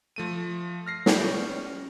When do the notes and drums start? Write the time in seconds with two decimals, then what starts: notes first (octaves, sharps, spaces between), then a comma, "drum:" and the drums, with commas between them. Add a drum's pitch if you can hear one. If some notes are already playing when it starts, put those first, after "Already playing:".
0.16 F3 A3 D#7
0.86 F6 A#6 C7
1.06 G3, drum: snare
1.24 C#4